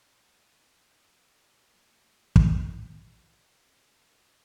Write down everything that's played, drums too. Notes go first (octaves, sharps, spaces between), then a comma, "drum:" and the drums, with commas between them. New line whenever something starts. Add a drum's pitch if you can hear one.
D#6
C4
F#3 A#3
drum: kick
E3
F4
G3
A#4
C#4
G#4
A#4
F#2
D4